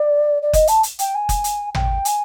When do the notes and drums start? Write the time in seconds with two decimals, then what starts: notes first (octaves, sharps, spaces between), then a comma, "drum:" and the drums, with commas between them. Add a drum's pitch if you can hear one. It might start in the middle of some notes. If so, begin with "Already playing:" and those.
Already playing: D5
0.42 D5
0.53 D#5, drum: kick F#1, hi-hat
0.67 A5, drum: hi-hat
0.83 drum: hi-hat
0.99 G5, drum: hi-hat
1.14 G#5
1.29 drum: kick F#1, hi-hat
1.44 drum: hi-hat
1.75 G5, drum: tom
2.05 G#5, drum: hi-hat